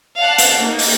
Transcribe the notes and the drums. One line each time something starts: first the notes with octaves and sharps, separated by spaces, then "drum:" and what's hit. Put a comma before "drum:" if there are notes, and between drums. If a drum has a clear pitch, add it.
D5 F5 F#5 A5 F#6
drum: hi-hat
A#3 D#4
drum: open hi-hat